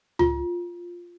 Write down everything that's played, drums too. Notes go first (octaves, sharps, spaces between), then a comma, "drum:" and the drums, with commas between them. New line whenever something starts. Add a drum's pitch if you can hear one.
F4, drum: tom C#2